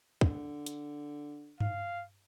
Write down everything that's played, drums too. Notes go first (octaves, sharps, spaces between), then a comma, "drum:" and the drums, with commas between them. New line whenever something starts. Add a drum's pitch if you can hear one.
D3, drum: kick
drum: hi-hat
F5, drum: tom G2